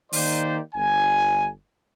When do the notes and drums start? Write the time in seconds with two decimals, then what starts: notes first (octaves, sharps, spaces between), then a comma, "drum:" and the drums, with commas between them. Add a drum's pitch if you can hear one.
0.13 D#3 A#3 D#4 G4 C5 D5, drum: open hi-hat
0.75 G1 G#5